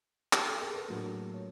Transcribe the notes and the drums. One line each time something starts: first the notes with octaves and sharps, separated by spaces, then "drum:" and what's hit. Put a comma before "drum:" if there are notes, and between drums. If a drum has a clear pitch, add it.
G4, drum: clap
G4 A4
G#4 A#4
A4 B4
A2 F#3 A#3 D4
C#5